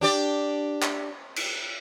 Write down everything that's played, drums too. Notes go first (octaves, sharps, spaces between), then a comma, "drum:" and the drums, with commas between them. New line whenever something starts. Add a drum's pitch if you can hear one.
D4 G4 D5
drum: clap
drum: cymbal